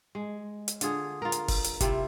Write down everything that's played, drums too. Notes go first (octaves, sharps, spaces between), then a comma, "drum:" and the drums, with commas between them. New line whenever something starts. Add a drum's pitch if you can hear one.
G#3
drum: hi-hat
D3 F4 G#4, drum: hi-hat
F4 A#4
drum: hi-hat
drum: kick F1, open hi-hat
drum: hi-hat
C3 C4 E4 F4, drum: kick F1, hi-hat